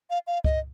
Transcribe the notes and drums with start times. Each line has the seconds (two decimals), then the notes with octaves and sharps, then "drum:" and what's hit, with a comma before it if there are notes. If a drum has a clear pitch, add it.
0.10 F5
0.27 F5
0.44 D#5, drum: kick C#2